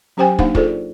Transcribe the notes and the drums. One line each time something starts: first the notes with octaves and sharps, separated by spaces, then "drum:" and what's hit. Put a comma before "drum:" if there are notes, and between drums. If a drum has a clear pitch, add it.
F#3 C#4 G4 C5 G5 G#5
A#3 D4 D#4 C5 F5 F#5, drum: kick
F4 G#4 A4 C5 D5, drum: kick